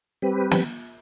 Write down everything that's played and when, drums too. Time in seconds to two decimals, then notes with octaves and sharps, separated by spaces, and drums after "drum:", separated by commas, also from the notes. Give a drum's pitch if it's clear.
0.22 G3 C4 G4 B4
0.51 drum: snare